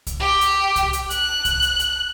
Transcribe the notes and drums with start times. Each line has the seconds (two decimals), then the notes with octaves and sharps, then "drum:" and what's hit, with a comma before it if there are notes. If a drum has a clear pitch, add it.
0.07 drum: kick C2, hi-hat
0.20 G4
0.41 drum: hi-hat
0.76 drum: kick C2, hi-hat
0.93 drum: hi-hat
1.10 F#6, drum: hi-hat
1.45 drum: kick C2, hi-hat
1.62 drum: hi-hat
1.79 drum: hi-hat